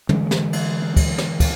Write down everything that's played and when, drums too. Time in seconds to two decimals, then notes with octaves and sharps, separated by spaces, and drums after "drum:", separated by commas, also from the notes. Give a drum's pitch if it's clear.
0.09 D3 E3 G#3, drum: tom
0.31 drum: snare
0.53 drum: cymbal
0.96 drum: kick, cymbal
1.18 drum: snare
1.40 drum: kick, cymbal